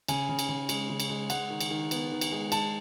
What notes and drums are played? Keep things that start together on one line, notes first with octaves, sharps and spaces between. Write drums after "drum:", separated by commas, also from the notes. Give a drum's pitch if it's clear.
C#3 G#5, drum: cymbal
C#3
drum: cymbal
C#3
G#3, drum: cymbal
C#3
drum: cymbal
G#3
G#3 F#5, drum: cymbal
D#3
drum: cymbal
D#3
B3, drum: cymbal
D#3
drum: cymbal
G#3
G#3 A5, drum: cymbal